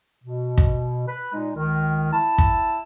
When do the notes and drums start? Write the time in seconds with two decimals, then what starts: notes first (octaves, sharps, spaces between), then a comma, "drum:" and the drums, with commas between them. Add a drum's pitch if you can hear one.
0.23 B2
0.57 drum: kick
1.06 B4
1.33 A#2 G#3 D#4
1.55 C#2 D#3
2.12 E4 A5
2.38 drum: kick